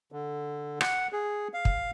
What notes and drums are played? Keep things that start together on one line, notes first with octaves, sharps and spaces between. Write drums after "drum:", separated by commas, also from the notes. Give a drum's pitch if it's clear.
D3
F#5, drum: rim click
G#4
F5
drum: kick